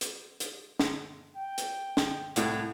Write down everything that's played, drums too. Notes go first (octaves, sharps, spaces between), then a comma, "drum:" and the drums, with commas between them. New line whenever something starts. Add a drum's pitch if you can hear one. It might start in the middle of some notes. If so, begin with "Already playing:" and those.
drum: hi-hat
drum: hi-hat
drum: snare
G5
drum: hi-hat
drum: snare
C2 A2, drum: hi-hat